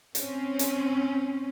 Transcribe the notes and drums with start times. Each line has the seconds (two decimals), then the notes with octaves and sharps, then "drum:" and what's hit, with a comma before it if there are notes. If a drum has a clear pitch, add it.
0.15 C4 C#4, drum: hi-hat
0.59 drum: hi-hat